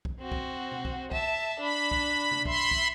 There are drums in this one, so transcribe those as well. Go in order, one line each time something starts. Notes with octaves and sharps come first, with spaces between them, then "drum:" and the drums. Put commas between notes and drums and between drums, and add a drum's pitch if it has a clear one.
drum: kick
C4 F#4
drum: kick
drum: tom B2
drum: kick
E5 A5, drum: kick
D4 B5
drum: kick
drum: tom B2
E5 B5 C6, drum: kick
drum: kick